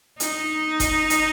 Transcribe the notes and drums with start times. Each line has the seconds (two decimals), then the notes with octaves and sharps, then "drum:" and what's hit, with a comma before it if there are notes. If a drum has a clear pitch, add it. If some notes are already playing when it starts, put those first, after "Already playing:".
0.20 D#4, drum: hi-hat
0.80 drum: kick F#1, hi-hat
1.10 drum: hi-hat